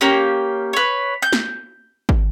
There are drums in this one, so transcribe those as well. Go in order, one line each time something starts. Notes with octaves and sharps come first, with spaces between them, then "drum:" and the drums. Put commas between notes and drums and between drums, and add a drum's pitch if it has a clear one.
A#3 C#4 G4
B4 C#5
G6
drum: snare
drum: kick